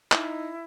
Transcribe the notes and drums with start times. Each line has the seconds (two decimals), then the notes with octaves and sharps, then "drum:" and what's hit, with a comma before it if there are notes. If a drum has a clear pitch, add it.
0.12 D#4 E4, drum: clap